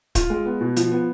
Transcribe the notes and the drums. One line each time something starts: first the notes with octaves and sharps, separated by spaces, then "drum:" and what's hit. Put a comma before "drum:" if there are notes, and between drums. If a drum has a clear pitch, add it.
F4, drum: kick, hi-hat
G#3
B3
B2
F3, drum: hi-hat
B3